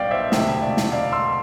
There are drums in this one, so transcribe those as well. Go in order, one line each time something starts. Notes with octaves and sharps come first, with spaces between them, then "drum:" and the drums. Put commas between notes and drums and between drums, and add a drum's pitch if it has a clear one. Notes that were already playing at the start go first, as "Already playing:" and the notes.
Already playing: B1 B2 G3 D5 F5 G5
C5 E5
E1 D2 C3 E5 G5, drum: snare
D5 F5
drum: snare
D5 F5
C6 E6